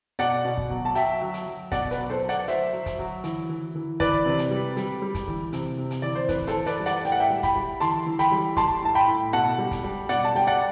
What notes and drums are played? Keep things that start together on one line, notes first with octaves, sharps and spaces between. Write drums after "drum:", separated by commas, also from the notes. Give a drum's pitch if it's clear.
B2 D5 F#5, drum: hi-hat
B2
drum: kick
F#3
A5
F#3 E5 G5, drum: hi-hat
F#3
drum: hi-hat
F#3
B2 D5 F#5, drum: kick, hi-hat
B4, drum: hi-hat
F#3
A4 C5
F#3
D5 F#5, drum: hi-hat
F#3 C5 E5, drum: hi-hat
F#3
drum: kick, hi-hat
F#3
E3, drum: hi-hat
E3
E3
E3 B4 D5, drum: kick, hi-hat
C3
drum: hi-hat
G3
G3, drum: hi-hat
G3
drum: kick, hi-hat
E3
C3, drum: hi-hat
C3
drum: hi-hat
E3 D5
C5
A2 B4, drum: kick, hi-hat
A4 C5, drum: hi-hat
E3
B4 D5, drum: hi-hat
G3
D5 F#5, drum: hi-hat
A2 G5, drum: hi-hat
F#5
E5 G5
G3
G5 B5, drum: kick, hi-hat
G3
E3 A5 C6, drum: hi-hat
E3
G5 B5, drum: hi-hat
G3
G3 A5 C6, drum: kick, hi-hat
A2 A5
G5 B5
A2
B2 F#5 A5
G3
drum: kick, hi-hat
G3
B2 D5 F#5, drum: hi-hat
A5
G3 G5
D5 F#5